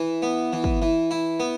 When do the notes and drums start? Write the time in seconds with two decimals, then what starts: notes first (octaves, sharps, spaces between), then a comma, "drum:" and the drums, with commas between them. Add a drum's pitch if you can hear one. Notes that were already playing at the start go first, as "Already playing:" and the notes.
Already playing: E3
0.22 B3
0.53 E3
0.64 drum: kick
0.82 E3
1.11 E4
1.40 B3